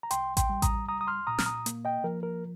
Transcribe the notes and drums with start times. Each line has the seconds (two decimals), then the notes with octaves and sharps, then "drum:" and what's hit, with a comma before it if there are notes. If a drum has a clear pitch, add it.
0.03 A#5
0.11 C2 G5 C6, drum: hi-hat
0.37 G5 C6, drum: kick A1, hi-hat
0.49 G3
0.62 A#5 D#6, drum: kick A1, hi-hat
0.88 C2 A#5 D#6
1.01 D#6
1.07 C6 F6
1.27 A#2 A#5 D#6
1.38 F6, drum: snare
1.46 A#5 D#6
1.66 A#3, drum: hi-hat
1.85 D#5 G5
2.04 F3 A#4
2.23 A#4